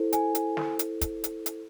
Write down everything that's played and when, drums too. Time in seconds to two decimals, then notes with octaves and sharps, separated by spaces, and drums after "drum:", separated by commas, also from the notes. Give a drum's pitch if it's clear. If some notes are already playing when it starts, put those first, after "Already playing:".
Already playing: E4 A4 C5
0.13 G#5, drum: hi-hat
0.35 drum: hi-hat
0.57 drum: snare
0.79 drum: hi-hat
1.01 drum: kick, hi-hat
1.24 drum: hi-hat
1.46 drum: hi-hat